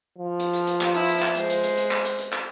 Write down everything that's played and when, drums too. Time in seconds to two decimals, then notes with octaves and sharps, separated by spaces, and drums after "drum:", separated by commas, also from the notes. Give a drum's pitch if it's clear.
0.18 F3
0.40 drum: hi-hat
0.53 drum: hi-hat
0.67 drum: hi-hat
0.81 drum: clap
0.95 E4
1.09 drum: hi-hat
1.22 drum: clap
1.35 G#3 C5, drum: hi-hat
1.50 drum: hi-hat
1.64 drum: hi-hat
1.77 drum: hi-hat
1.91 drum: clap
2.05 drum: hi-hat
2.19 drum: hi-hat
2.33 drum: clap